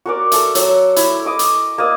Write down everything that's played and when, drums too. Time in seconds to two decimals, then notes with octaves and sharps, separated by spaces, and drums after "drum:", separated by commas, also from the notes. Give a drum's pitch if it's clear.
0.06 F#4 A#4 D5
0.32 A4 E5, drum: hi-hat
0.55 F#3, drum: hi-hat
0.96 E4, drum: hi-hat
1.25 D#5 D6 D#6
1.39 drum: hi-hat
1.78 A#3 D5 D#5